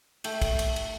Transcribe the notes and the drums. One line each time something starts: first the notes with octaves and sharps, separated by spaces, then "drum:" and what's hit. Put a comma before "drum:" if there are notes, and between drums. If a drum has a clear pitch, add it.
A3 G5, drum: cymbal
drum: kick, cymbal
drum: cymbal
drum: cymbal